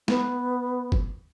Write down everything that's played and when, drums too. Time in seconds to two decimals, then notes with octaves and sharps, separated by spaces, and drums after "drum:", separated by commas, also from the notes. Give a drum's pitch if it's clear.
0.08 B3, drum: snare
0.92 drum: kick F#1